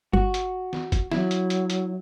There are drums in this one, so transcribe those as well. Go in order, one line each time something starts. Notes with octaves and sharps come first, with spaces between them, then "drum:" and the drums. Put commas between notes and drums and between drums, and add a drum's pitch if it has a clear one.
G1 F#4
drum: hi-hat
drum: snare
drum: kick F1, hi-hat
F#3 E4, drum: snare
drum: hi-hat
drum: hi-hat
drum: hi-hat